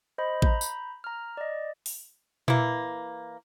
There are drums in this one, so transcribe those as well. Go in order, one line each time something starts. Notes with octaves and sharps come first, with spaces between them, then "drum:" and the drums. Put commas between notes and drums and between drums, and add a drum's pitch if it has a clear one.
C5 D#5 B5
A#5 B5 G6, drum: kick A1
drum: tambourine
A#5 F6
D5 D#5
drum: open hi-hat
E3 A#3, drum: tom A#2